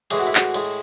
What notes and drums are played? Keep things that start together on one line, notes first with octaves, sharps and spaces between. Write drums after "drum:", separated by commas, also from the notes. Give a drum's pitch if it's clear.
A2 E3 G#3 G#4, drum: cymbal
F#4
E4
F#4, drum: clap
A2 G#3, drum: cymbal